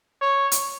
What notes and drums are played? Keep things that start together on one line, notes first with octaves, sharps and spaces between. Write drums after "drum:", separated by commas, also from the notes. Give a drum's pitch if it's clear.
C#5
drum: hi-hat